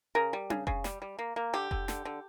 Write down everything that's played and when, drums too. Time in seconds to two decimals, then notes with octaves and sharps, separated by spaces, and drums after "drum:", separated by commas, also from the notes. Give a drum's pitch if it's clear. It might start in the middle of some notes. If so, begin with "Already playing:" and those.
0.15 C#3 A#4
0.33 G3
0.50 C#3, drum: tom D4
0.67 C#3, drum: kick F1
0.84 G3, drum: snare
1.02 G3
1.19 A#3
1.36 A#3
1.53 D3 G4
1.71 D3, drum: kick F1
1.88 D3, drum: snare
2.05 D3